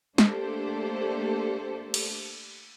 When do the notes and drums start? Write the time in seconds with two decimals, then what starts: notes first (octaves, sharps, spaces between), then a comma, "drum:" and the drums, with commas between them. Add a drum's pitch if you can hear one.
0.18 A3 A#3 D4 G4 A4 C5, drum: snare
1.94 drum: cymbal